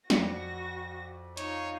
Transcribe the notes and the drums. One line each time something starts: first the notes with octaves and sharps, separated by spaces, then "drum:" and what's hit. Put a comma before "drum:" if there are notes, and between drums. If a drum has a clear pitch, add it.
F2 F#4 D5 A#6 C#7, drum: snare
D#4 F4 C#5, drum: hi-hat